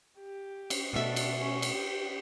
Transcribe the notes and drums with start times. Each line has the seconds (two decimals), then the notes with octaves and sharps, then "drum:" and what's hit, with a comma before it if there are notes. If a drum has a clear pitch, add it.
0.19 G4
0.70 drum: cymbal
0.93 B2 A3 D4 E5
1.16 drum: cymbal
1.39 C#4
1.62 drum: cymbal
1.72 G4